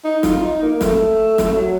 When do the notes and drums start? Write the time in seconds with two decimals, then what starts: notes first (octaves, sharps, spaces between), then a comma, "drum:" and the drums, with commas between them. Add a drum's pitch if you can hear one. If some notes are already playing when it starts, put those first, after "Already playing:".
0.05 D#4
0.23 F4, drum: snare
0.42 D#4
0.62 A#3
0.81 A3, drum: snare
1.38 drum: snare
1.57 F#3